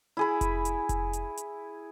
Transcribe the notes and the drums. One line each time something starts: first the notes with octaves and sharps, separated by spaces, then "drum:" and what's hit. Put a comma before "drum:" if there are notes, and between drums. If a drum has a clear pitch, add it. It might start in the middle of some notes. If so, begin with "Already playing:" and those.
E4 G#4 B5
drum: kick F1, hi-hat
drum: hi-hat
drum: kick F1, hi-hat
drum: hi-hat
drum: hi-hat